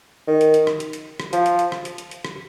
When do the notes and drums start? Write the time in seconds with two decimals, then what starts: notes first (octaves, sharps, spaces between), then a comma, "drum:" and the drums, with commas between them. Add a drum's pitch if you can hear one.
0.27 D#3
0.41 drum: hi-hat
0.54 drum: hi-hat
0.67 drum: rim click
0.80 drum: hi-hat
0.93 drum: hi-hat
1.20 drum: rim click
1.33 F3, drum: hi-hat
1.46 drum: hi-hat
1.59 drum: hi-hat
1.72 drum: rim click
1.85 drum: hi-hat
1.98 drum: hi-hat
2.11 drum: hi-hat
2.25 drum: rim click